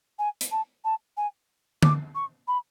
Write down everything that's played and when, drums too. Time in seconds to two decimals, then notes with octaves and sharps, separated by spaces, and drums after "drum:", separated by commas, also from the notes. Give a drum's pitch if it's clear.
0.19 G#5
0.41 drum: hi-hat
0.51 A5
0.84 A5
1.17 G#5
1.83 D6, drum: tom
2.15 C#6
2.48 B5